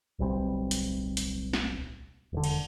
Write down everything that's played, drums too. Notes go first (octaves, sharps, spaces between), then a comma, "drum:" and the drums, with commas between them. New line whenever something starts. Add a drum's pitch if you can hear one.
D1 B1 G3 C4
drum: hi-hat
drum: hi-hat
drum: snare
E1 D3
drum: cymbal